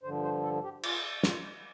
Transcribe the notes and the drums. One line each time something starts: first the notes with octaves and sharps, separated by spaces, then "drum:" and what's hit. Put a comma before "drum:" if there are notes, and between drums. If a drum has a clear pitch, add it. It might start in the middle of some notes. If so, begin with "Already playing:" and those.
G2 D3 F3 C5
C5
A4
G4
F4, drum: cymbal
F4, drum: snare